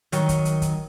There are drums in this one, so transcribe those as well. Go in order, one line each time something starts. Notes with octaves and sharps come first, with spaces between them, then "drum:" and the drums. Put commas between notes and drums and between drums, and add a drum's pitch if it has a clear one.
D#3 F#3, drum: hi-hat
drum: kick, hi-hat
drum: hi-hat
drum: kick, hi-hat